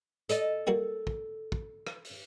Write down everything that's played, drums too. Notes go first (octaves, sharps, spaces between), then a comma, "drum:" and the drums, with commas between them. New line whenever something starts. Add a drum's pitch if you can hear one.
A4 D5 D#5, drum: hi-hat
G3 A#3 F#4
drum: kick
drum: kick
drum: rim click
drum: open hi-hat